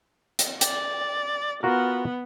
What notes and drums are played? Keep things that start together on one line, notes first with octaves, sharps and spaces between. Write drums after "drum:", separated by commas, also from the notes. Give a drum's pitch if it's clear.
drum: hi-hat
D5, drum: hi-hat
B3 F4 F#4 A#4